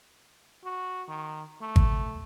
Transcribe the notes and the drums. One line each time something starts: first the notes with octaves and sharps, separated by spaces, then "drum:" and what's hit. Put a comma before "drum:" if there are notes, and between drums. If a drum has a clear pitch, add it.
F#4
D#3
A3
drum: kick G#1